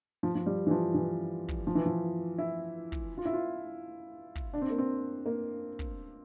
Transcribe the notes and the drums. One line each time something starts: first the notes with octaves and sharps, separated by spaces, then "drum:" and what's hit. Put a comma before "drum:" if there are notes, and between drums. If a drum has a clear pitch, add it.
F3
F3
G3
E3
F3
E3
drum: kick
F3
E3
F3
E4
drum: kick
F4
E4
F4
drum: kick
D4
C4
A#3
C4
A#3
drum: kick